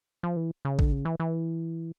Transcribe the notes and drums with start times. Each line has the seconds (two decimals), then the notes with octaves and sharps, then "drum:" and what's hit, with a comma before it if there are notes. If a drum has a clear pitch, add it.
0.23 F3
0.36 E3
0.65 C#3
0.79 D3, drum: kick
0.92 C#3
1.05 E3
1.20 E3